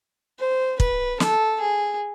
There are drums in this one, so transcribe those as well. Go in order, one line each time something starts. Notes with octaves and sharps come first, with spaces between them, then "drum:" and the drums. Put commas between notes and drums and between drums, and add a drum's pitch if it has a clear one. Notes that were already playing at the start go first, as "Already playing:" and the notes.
C5
B4, drum: kick
A4, drum: snare
G#4